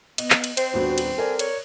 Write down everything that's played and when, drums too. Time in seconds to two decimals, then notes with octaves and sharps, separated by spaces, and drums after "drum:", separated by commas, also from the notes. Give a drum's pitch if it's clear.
0.18 B3 D#5, drum: cymbal
0.30 drum: clap
0.44 drum: cymbal
0.57 C4 C5, drum: cymbal
0.74 D#1 B3 D4 F#4
0.98 drum: cymbal
1.18 A4 A#4 D5 G#5
1.39 C#5, drum: cymbal